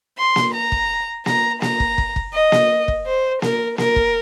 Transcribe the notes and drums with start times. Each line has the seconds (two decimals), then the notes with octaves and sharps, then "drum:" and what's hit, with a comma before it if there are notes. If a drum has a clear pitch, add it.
0.18 C6
0.36 drum: snare A#3
0.54 A#5
0.72 drum: kick
1.26 A#5, drum: snare A#3
1.62 A#5, drum: snare A#3
1.80 drum: kick
1.98 drum: kick
2.16 drum: kick
2.33 D#5
2.52 drum: snare A#3
2.88 drum: kick
3.06 C5
3.42 A#4, drum: snare A#3
3.78 A#4, drum: snare A#3
3.96 drum: kick